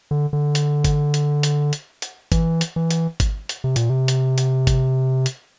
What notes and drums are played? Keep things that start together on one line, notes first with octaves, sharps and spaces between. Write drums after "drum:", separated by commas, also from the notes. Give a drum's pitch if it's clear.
D3
D3
drum: hi-hat
drum: kick G1, hi-hat
drum: hi-hat
drum: hi-hat
drum: hi-hat
drum: hi-hat
E3, drum: kick G1, hi-hat
drum: hi-hat
E3
drum: hi-hat
drum: kick G1, hi-hat
drum: hi-hat
C3
A#2, drum: hi-hat
C3
drum: hi-hat
drum: hi-hat
drum: kick G1, hi-hat
drum: hi-hat